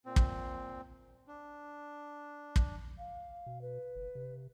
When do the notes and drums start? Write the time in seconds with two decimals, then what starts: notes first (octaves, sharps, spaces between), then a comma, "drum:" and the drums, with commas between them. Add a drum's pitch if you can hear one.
0.06 A#2 C4
0.16 drum: kick
1.28 D4
2.56 drum: kick
2.98 F5
3.46 B2
3.62 B4
3.96 F#1
4.15 C3